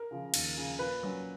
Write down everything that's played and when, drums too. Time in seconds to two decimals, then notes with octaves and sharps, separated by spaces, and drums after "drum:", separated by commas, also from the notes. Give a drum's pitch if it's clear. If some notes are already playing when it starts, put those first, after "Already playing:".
Already playing: A#4
0.11 C#3 F3
0.34 D#2, drum: cymbal
0.57 C#3 F3
0.79 A#2 B4
1.03 F#3 C#4